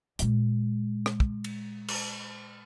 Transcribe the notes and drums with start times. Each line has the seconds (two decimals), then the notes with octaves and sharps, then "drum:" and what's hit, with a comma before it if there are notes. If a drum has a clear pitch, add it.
0.19 A#2 G#3, drum: hi-hat
1.06 drum: rim click
1.20 drum: kick
1.44 drum: cymbal
1.88 drum: cymbal